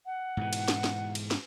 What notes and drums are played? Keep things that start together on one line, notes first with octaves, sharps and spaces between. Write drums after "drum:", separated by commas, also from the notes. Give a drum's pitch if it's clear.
F#5
G#2 B2 E3
drum: cymbal
drum: snare
drum: snare
drum: cymbal
drum: snare